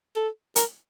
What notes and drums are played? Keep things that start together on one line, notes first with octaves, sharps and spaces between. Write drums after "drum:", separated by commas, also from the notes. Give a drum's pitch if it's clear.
A4
A#4, drum: hi-hat